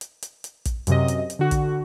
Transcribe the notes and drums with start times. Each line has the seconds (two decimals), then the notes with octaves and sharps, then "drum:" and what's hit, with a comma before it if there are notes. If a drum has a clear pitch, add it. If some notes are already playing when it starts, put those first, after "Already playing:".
0.01 drum: hi-hat
0.23 drum: hi-hat
0.44 drum: hi-hat
0.66 drum: kick, hi-hat
0.87 F#2 C3 D#5, drum: hi-hat
1.08 drum: hi-hat
1.30 drum: hi-hat
1.39 D3 F#4
1.51 drum: kick, hi-hat